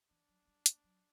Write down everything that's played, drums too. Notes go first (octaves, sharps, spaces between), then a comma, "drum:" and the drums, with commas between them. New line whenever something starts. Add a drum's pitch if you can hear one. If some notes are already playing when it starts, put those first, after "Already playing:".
E3 D4
F#3
A3
G3
A3, drum: hi-hat
F#3